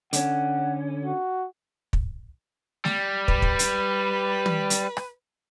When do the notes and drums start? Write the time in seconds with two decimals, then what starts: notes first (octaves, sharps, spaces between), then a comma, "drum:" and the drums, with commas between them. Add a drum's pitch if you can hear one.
0.13 D3 C#4 F#5, drum: hi-hat
1.05 F#4
1.93 drum: kick
2.85 G3, drum: snare A3
3.28 B4, drum: kick
3.42 drum: kick
3.59 drum: hi-hat
4.46 drum: tom
4.70 drum: hi-hat
4.97 drum: rim click